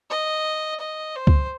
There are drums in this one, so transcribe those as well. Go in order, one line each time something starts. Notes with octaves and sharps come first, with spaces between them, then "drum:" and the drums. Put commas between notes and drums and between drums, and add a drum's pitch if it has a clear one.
D#5
D#5
C5
drum: kick C#2